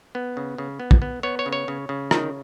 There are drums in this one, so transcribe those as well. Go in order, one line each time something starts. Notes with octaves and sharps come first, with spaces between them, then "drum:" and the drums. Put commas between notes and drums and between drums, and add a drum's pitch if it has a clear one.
B3
C#3
C#3
B3
drum: kick
B3
B3 C#5
C#5
C#3
C#5
C#3
C#3
D#3, drum: rim click